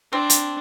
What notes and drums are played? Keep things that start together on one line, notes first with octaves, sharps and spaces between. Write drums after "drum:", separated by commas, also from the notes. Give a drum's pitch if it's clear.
C4 D4
drum: hi-hat